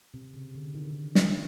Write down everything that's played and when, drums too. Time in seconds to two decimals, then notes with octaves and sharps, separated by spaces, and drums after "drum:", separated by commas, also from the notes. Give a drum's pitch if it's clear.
0.14 C3
0.34 C#3
0.55 D3
0.74 D#3
0.83 D3
0.90 D#3
1.15 E3, drum: snare